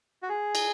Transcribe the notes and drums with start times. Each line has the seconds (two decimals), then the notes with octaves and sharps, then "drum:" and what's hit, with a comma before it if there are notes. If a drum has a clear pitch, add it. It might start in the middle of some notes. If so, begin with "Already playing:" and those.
0.23 F#4
0.29 G#4
0.55 drum: cymbal